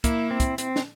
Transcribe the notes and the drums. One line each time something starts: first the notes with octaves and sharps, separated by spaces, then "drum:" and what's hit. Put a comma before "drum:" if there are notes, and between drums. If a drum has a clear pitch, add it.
A#3 E4, drum: kick, hi-hat
C4
drum: kick, hi-hat
C4, drum: hi-hat
drum: snare